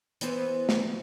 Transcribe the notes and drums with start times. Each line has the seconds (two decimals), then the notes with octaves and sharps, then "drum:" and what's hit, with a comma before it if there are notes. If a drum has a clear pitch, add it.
0.21 E3 B3 C5, drum: hi-hat
0.69 drum: snare